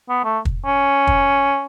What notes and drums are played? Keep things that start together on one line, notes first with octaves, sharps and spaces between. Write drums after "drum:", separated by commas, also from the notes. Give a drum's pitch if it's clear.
B3
A3
drum: kick
C#4
drum: kick